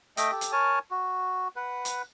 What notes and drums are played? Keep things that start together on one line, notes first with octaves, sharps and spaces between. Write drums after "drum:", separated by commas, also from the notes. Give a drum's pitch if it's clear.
A3 D#5 E5 G5, drum: hi-hat
G4 A4
drum: hi-hat
A#4 C#5 G#5 A5
F#4
B4 F#5
drum: hi-hat